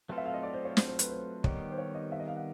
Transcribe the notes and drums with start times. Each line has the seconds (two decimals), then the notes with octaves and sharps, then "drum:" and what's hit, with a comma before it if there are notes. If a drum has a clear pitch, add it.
0.09 F#3 A3 C4 F4 A4 B4
0.18 E5
0.26 F5
0.34 D#5
0.43 D5
0.54 C5
0.65 C#5
0.77 C5, drum: snare
0.87 C5
0.99 B4, drum: hi-hat
1.10 C5
1.44 D#3 G3 B3 D#4 G4 C#5, drum: kick
1.72 C5
1.78 C#5
1.95 D#5
2.12 E5
2.20 D#5
2.28 F5
2.37 F#5